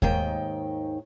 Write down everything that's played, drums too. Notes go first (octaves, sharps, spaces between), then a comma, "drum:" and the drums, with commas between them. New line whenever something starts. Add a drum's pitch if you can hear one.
D#2 G#2 D#3 G5, drum: kick D#2